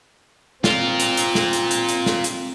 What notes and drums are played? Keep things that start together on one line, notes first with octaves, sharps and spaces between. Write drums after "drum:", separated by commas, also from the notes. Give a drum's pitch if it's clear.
C4 F4 A#4, drum: snare
drum: hi-hat
drum: hi-hat
drum: snare
drum: hi-hat
drum: hi-hat
drum: hi-hat
drum: snare
drum: hi-hat